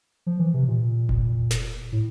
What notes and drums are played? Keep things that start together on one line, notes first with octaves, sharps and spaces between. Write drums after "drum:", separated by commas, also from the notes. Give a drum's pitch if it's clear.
F3
E3
C3
A#2
drum: kick F1
drum: snare
A2